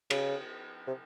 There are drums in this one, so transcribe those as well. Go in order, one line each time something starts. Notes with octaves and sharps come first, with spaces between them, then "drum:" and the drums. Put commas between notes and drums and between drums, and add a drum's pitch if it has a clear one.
C#3, drum: cymbal
C3